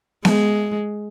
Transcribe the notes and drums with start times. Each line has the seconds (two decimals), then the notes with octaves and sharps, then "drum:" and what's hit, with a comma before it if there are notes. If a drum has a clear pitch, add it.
0.25 G#3, drum: snare B3